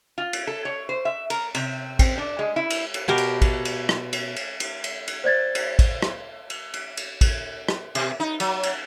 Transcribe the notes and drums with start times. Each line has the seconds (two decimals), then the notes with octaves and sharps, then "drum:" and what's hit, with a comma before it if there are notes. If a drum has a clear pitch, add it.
0.18 F4
0.33 drum: cymbal
0.47 A4
0.65 C#5
0.89 C5
1.05 E5
1.30 A#4, drum: cymbal
1.55 C3, drum: cymbal
1.99 C4, drum: kick, cymbal
2.18 D4
2.39 G#3
2.56 E4
2.70 drum: cymbal
2.94 drum: cymbal
3.08 B2 G4 A#4
3.18 drum: cymbal
3.42 drum: kick, cymbal
3.65 drum: cymbal
3.89 drum: rim click
4.13 drum: cymbal
4.36 drum: cymbal
4.60 drum: cymbal
4.84 drum: cymbal
5.08 drum: cymbal
5.24 C5 D5 G#6 A6
5.55 drum: cymbal
5.79 drum: kick, cymbal
6.02 drum: rim click
6.50 drum: cymbal
6.74 drum: cymbal
6.97 drum: cymbal
7.21 drum: kick, cymbal
7.69 drum: rim click
7.95 B2, drum: cymbal
8.20 D#4
8.40 F#3, drum: cymbal
8.63 drum: cymbal